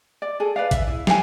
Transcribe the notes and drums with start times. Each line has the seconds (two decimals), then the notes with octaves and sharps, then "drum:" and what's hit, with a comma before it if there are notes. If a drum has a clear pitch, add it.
0.22 D5
0.40 G#4 A4
0.56 B4 D5 F5
0.71 E5, drum: kick A1, hi-hat
0.88 E4
1.07 F5 G5 G#5, drum: snare